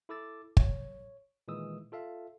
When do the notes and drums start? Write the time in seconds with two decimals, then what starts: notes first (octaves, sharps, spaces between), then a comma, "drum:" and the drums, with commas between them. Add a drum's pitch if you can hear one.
0.09 E4 A4 D6 E6 A6
0.57 C#5, drum: kick
1.48 A#2 D#3 E3 G#3 D#6 E6
1.92 F4 A4 E5 F5